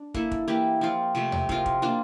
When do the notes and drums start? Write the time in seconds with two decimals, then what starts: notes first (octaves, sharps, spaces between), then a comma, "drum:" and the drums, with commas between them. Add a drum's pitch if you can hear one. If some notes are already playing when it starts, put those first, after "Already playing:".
Already playing: D4
0.14 A#3 E4 A4, drum: kick
0.31 drum: kick
0.48 E3 A#3 E4 G4
0.81 F3 C4 F4
1.15 C3 F3 A3
1.32 drum: tom D#2
1.49 F3 C4 F4 A#4, drum: kick
1.66 drum: kick
1.82 A#3 D4 F4